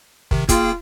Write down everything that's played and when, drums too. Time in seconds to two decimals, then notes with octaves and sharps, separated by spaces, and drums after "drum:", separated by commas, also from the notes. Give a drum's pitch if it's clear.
0.31 C3 D#3, drum: kick
0.49 A#3 F4 G#4 G5, drum: kick, hi-hat